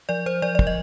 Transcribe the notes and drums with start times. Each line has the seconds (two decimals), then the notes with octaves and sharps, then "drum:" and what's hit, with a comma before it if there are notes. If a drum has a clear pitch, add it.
0.09 F3 D5
0.26 F3 C5
0.42 F3 D5
0.55 D5
0.59 F3, drum: kick
0.67 D#5